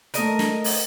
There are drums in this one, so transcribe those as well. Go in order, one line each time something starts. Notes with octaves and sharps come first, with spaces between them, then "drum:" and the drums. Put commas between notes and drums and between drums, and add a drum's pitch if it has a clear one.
A3 A#4 D#5 D#7, drum: hi-hat
drum: snare
drum: open hi-hat